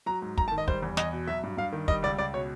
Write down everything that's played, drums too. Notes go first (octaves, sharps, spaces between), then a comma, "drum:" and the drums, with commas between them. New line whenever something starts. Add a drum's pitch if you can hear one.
F#3 A#5
G#2
G#2 A#5, drum: kick
A5
D#3
D#5
G3 C5, drum: kick
E2
E2 D#5, drum: snare
B2
F#3 E5
G2
G2 F5
D#3
G3 D#5, drum: kick
C#2 D5
C#2 D5
B2 C#5